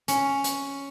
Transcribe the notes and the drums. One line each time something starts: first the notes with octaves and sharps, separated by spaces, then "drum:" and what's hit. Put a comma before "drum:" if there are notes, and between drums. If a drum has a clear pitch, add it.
C#4, drum: hi-hat
drum: hi-hat